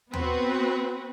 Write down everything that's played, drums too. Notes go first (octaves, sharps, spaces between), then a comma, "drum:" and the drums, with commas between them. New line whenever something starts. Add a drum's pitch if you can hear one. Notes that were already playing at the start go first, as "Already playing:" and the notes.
B3 C4 F#4 B4, drum: tom